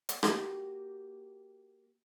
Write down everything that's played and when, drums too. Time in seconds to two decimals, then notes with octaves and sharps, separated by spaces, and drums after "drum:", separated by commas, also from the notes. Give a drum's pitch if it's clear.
0.09 drum: hi-hat
0.23 A#3 F#4 G4, drum: rim click